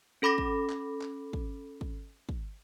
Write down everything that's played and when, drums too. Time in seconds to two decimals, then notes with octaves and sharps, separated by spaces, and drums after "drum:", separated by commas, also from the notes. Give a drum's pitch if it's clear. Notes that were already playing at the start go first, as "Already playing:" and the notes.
0.22 C#4 A4 B5 D6 A#6
0.38 drum: kick
0.70 drum: clap
1.02 drum: clap
1.33 drum: kick
1.81 drum: kick
2.29 drum: kick